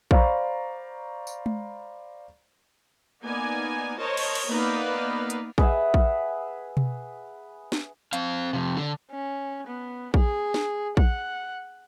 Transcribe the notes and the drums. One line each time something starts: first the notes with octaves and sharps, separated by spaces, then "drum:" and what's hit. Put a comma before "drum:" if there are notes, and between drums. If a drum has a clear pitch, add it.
C5 D5 F5 A#5 B5 C#6, drum: kick A#1
drum: tambourine
drum: tom G#3
A#3 B3 D#4 D5 G#5
A#4 C5 C#5 D#5 A5
drum: cymbal
drum: cymbal
A#3 B3 D#4 B4 D5 F5
drum: hi-hat
G#4 B4 E5 F#5, drum: kick A#1
drum: kick A#1
drum: tom B2
drum: snare
C4 F5, drum: hi-hat
F2 C3
D3
C#4
B3
G#4, drum: kick A#1
drum: snare
F#5, drum: kick A#1